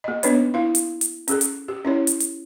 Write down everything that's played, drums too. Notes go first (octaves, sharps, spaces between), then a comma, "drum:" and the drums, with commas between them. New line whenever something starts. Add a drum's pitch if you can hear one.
A#3 D#5
B3 D4 D#4 B4 C#5, drum: hi-hat
E4 F5
drum: hi-hat
drum: hi-hat
C#4 G#4 A4, drum: hi-hat
drum: hi-hat
G4
C#4 E4 C#5
drum: hi-hat
drum: hi-hat